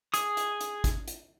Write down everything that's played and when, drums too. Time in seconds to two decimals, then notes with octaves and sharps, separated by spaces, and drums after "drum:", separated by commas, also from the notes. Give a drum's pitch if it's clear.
0.14 G#4 D#6, drum: hi-hat
0.37 drum: hi-hat
0.61 drum: hi-hat
0.84 drum: kick, hi-hat
1.08 drum: hi-hat